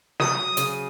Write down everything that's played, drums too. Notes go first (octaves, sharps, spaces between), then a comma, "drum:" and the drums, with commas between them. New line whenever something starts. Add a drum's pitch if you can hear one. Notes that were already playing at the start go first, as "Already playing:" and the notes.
F#3 D#6, drum: snare
F#3
C#3, drum: hi-hat